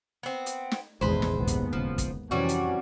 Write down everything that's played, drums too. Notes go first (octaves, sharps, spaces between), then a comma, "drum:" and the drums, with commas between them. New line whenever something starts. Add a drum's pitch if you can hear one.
B3 C4
drum: hi-hat
drum: snare
A1 E2 G#2 B2 D#3 G#3 B4 C5
drum: snare
D#1 A#1 D#2 G#2 C#3 B3
drum: hi-hat
E1 C#3 F3
drum: kick, hi-hat
F2 C3 E3 G3 C#4 F#4
drum: hi-hat